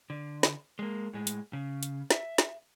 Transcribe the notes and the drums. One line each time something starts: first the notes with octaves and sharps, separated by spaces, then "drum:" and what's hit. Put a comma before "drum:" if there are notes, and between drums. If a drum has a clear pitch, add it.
D3
drum: snare
G#3 A#3
A2 G#3
drum: hi-hat
C#3
drum: hi-hat
E5, drum: snare
drum: snare